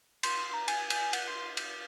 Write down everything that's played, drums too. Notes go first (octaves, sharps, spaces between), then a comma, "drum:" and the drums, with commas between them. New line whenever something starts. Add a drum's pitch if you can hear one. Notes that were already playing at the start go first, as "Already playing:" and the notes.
C6, drum: cymbal
C6
A#5
G#5, drum: cymbal
drum: cymbal
F#5, drum: cymbal
C6
drum: cymbal